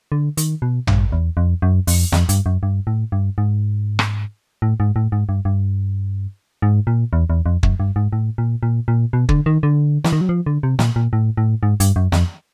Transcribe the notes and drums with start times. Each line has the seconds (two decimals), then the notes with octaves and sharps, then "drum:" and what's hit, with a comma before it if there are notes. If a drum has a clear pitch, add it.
0.12 D3
0.37 D#3, drum: hi-hat
0.62 B2
0.87 G2, drum: tom
1.12 E2
1.37 F2
1.62 F#2
1.87 F2, drum: open hi-hat
2.12 F2, drum: snare
2.29 G2, drum: hi-hat
2.46 F#2
2.63 G2
2.87 A2
3.12 G2
3.38 G#2
3.99 drum: rim click
4.62 A2
4.80 G#2
4.96 A2
5.12 G#2
5.29 G2
5.45 G2
6.62 G#2
6.87 A#2
7.13 E2
7.30 E2
7.46 F2
7.63 F#2, drum: kick
7.80 G2
7.96 G#2
8.13 A2
8.38 A#2
8.63 A#2
8.88 A#2
9.13 B2
9.29 D3, drum: kick
9.46 D#3
9.63 D3
10.04 E3, drum: snare
10.12 D#3
10.21 F#3
10.29 F3
10.46 D3
10.63 C3
10.79 A#2, drum: snare
10.96 A#2
11.13 A2
11.37 A2
11.63 G#2
11.80 G2, drum: hi-hat
11.96 F#2
12.12 F2, drum: snare